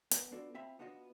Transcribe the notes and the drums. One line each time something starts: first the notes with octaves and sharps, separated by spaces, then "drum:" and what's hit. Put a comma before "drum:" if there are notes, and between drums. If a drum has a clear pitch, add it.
B3, drum: hi-hat
B3 D4 F4 F#4 A4 D5
C4 F4 E5 F5 A5 B5
B3 D4 F4 F#4 D#5